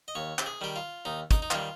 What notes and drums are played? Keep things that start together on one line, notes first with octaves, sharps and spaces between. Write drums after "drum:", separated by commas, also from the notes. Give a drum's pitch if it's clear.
D#5
D#2 C#5
G4, drum: clap
G#4
D#3 G3 G4
F4
D#2 D#4
D#4, drum: kick, hi-hat
D#4
D#3 G3 F4, drum: clap